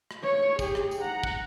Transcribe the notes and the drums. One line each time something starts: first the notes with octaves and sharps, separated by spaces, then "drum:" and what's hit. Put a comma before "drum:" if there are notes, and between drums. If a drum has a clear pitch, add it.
drum: rim click
C#5
G4 G#4, drum: kick, tambourine
drum: rim click
drum: tambourine
F#5 A#5
drum: kick